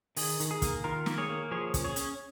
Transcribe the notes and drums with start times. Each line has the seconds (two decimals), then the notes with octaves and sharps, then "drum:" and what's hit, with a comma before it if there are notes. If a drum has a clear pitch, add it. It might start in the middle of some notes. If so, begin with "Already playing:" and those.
0.16 D#3 G#4, drum: open hi-hat
0.40 D#3, drum: hi-hat
0.51 G#4
0.62 A#3, drum: kick, hi-hat
0.84 D#3 F4 A#4
1.06 A#3, drum: snare
1.18 G#4 C#5
1.29 A#3
1.51 F3 G#4 C#5
1.74 C#4, drum: kick, hi-hat
1.84 G#4 C#5
1.96 C#4, drum: hi-hat